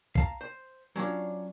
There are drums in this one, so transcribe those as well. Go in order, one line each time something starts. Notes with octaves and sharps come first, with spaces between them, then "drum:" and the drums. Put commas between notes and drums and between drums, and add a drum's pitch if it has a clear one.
F5 A5 A#5, drum: kick
C5
F#3 C#4 D4 F4